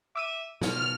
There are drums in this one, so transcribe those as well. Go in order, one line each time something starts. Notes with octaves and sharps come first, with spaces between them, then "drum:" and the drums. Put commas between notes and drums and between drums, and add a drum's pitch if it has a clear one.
E5 D6 E6 D#7
B2 F4 F6, drum: snare